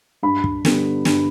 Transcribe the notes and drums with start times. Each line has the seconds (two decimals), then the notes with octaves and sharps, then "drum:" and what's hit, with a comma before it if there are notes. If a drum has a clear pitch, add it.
0.23 G2 B5
0.44 drum: kick
0.65 D3 G3 B3, drum: snare
1.05 G2, drum: snare